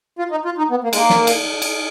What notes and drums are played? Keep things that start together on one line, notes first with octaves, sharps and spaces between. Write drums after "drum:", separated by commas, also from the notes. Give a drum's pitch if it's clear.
F4
D#4
F4
D#4
B3
A#3
G#3, drum: cymbal
A#3
drum: snare
drum: cymbal
drum: cymbal